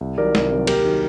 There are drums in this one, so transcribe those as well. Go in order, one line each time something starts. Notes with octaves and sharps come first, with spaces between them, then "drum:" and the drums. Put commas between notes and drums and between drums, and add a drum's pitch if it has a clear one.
C2
C3 D#3 F#3 A#4 D5
C2, drum: snare
C3 D#3 F#3
D#2 G4 A#4, drum: cymbal
D#3 F#3